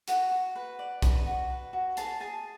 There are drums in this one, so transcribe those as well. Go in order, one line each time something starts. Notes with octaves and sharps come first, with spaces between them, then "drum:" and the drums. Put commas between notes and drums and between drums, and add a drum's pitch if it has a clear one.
F#4 F#5, drum: hi-hat
F#4
B4
D5
B4, drum: kick B1, hi-hat
F#4
B4
F#4
G#4 A5, drum: hi-hat
G#4 A5